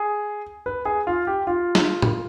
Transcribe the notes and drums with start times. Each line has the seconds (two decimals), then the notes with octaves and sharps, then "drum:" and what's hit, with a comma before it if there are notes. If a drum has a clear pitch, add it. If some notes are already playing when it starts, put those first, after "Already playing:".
Already playing: G#4
0.66 B4
0.85 G#4
1.07 F4
1.27 G4
1.47 F4
1.75 drum: snare
2.02 drum: tom A2